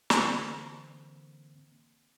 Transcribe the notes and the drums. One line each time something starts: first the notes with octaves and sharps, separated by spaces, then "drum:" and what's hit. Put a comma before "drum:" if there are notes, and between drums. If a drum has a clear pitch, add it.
D3 E3 A#3 C4, drum: snare